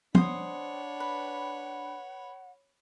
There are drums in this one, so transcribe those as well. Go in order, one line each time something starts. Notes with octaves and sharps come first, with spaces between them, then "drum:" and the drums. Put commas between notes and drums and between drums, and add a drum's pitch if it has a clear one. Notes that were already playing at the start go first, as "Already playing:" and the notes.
D4 C5 C#5 F#5 B5 D#6, drum: tom
B4